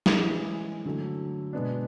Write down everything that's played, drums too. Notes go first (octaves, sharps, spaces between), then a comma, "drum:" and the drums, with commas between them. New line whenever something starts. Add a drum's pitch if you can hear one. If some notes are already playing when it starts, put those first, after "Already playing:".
drum: snare
E3 G#3 C#4 E4
D3 F#3 A3
B2 G#3 B3 D4